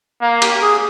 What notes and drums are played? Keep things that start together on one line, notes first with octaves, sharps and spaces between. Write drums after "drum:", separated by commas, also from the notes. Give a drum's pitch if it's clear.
A#3
G4, drum: cymbal
G#4